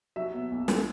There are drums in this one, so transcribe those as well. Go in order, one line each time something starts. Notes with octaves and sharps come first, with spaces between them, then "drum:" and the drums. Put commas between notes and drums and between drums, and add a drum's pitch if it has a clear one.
F#3 E5
B2
B1
drum: snare